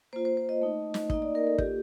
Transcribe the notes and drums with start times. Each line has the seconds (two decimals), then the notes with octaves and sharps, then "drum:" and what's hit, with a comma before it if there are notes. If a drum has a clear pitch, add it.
0.13 A#3 F4 C5
0.25 C5
0.37 C5
0.49 D#5
0.62 A3 D#4
0.94 drum: snare
1.10 A#3 D#4 D#5, drum: kick
1.22 D5
1.35 A#4
1.47 A4
1.58 A#3 F4 G4, drum: kick